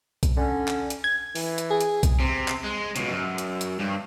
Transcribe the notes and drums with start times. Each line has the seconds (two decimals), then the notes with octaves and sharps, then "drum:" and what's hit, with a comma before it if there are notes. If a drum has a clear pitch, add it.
0.23 drum: kick B1, hi-hat
0.36 D3 C#4
0.68 drum: clap
0.90 drum: hi-hat
1.04 G#6
1.35 E3, drum: open hi-hat
1.58 drum: hi-hat
1.70 G#4
1.81 drum: hi-hat
2.03 drum: kick B1, hi-hat
2.20 C3
2.48 drum: clap
2.64 G#3
2.96 C#2 B2, drum: hi-hat
3.11 F#2
3.38 drum: hi-hat
3.61 drum: hi-hat
3.80 G2